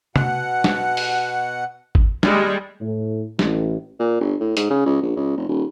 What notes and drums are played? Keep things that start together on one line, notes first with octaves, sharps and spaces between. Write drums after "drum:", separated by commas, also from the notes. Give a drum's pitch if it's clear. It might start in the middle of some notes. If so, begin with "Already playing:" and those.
B2 F#5, drum: tom C3
drum: snare
drum: open hi-hat
drum: kick G#1
D#2 G3 G#3, drum: snare
A2
A1, drum: snare
A#2
G1
A2
G#2, drum: hi-hat
C#3
C#2
A#1
C#2
F1
D#1